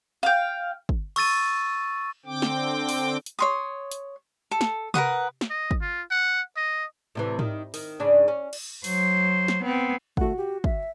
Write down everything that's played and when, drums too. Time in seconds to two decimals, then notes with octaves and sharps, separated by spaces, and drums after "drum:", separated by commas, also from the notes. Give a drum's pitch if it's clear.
0.23 F5 G5
0.89 drum: kick
1.16 C#6 E6 A6 D#7, drum: cymbal
2.26 D3 C4 G5 D6
2.42 drum: snare
2.89 drum: open hi-hat
3.26 drum: hi-hat
3.39 C#5 C6 D#6
3.92 drum: hi-hat
4.51 A4
4.61 drum: snare
4.94 A#4 B4 F#5 D#6, drum: tom C3
5.41 drum: snare
5.50 D#5
5.71 drum: kick
5.81 F4
6.11 F#5
6.57 D#5
7.15 A2 C3 E3
7.39 D#3, drum: tom G#2
7.74 D#3, drum: open hi-hat
7.99 G#2 C#3 D4
8.28 C#4
8.53 drum: cymbal
8.84 F#3 C5, drum: open hi-hat
9.48 drum: snare
9.62 B3 C4
10.17 A3 F#4 F#5, drum: kick
10.37 G4
10.64 E5, drum: kick